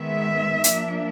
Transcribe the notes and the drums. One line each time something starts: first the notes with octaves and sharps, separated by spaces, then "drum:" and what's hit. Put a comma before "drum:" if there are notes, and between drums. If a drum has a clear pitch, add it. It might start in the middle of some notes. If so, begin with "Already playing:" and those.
Already playing: D#3 G#3 B3 E5
F3 A#3 D4, drum: hi-hat